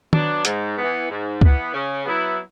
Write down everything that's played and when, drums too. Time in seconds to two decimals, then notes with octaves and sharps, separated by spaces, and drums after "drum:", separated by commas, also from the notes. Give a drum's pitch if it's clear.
0.13 F#3 B3 D4, drum: tom
0.45 G#2, drum: hi-hat
0.77 B3
0.82 E3
1.10 G#2
1.41 E3 B3, drum: kick C#2
1.73 C#3
2.05 F#3 B3 E4